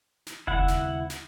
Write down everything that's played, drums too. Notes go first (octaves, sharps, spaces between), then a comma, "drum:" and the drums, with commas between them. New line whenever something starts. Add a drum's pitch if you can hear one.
drum: snare
D#2 C#3 C4 E4 F#5, drum: kick F1
drum: snare
drum: snare